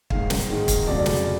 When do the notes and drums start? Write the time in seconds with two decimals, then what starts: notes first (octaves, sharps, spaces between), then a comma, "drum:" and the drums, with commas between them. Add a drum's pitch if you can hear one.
0.10 G#1 G#2 D#3 G#3 F5, drum: kick
0.30 drum: snare
0.49 G#1 G#2 D#3 G#3
0.68 drum: kick, hi-hat
0.87 F1 F2 C#3 F#3 D5
1.06 drum: snare